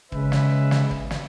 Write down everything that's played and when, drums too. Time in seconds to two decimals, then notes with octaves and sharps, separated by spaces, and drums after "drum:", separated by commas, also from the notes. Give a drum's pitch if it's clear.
0.12 C#3 G#3 B4 E5, drum: kick
0.32 drum: snare
0.71 drum: snare
0.91 drum: kick
1.11 drum: snare